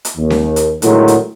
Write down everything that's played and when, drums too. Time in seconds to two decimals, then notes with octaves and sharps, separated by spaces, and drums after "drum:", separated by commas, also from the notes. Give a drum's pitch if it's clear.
0.05 drum: hi-hat
0.16 D#2
0.30 drum: snare C#4
0.56 drum: hi-hat
0.82 A2 D3 D#3 F#3 G#3, drum: hi-hat
1.08 drum: hi-hat